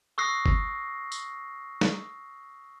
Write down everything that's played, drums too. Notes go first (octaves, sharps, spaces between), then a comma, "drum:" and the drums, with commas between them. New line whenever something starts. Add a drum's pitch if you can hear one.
C#6 D#6 E6 F#6 A#6 C7
drum: kick G1
drum: tambourine
drum: snare